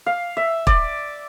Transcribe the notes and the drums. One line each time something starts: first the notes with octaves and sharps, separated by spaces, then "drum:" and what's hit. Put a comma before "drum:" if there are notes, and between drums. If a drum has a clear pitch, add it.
F5
E5
D5, drum: kick